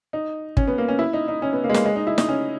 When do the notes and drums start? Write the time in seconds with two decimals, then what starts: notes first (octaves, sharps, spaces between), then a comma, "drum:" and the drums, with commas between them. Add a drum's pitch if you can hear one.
0.13 D#4
0.57 C#4, drum: kick
0.68 B3
0.78 A#3
0.88 C#4
0.99 E4
1.13 D#4
1.28 D#4
1.42 C#4
1.53 B3
1.64 A#3
1.70 G#3
1.74 A#3, drum: snare
1.85 G#3
1.96 D#4
2.07 E4
2.18 D#4, drum: snare
2.29 C#4